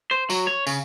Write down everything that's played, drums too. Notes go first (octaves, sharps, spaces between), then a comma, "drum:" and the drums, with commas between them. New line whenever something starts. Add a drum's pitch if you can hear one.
C5
F#3, drum: tambourine
C#5
C#3, drum: tambourine